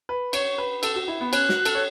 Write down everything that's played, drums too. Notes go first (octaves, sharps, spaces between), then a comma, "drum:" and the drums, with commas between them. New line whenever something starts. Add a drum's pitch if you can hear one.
B4
C#5 C#6, drum: cymbal
B4
A4 E6, drum: cymbal
F#4
E4
B3
C#4 F#6, drum: cymbal
F#4, drum: snare
A4, drum: cymbal
C#5